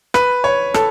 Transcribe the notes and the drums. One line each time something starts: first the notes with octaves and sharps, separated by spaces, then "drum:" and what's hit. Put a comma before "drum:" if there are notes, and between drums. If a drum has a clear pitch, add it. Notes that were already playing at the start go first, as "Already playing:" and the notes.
B4, drum: rim click
C#5
A4, drum: rim click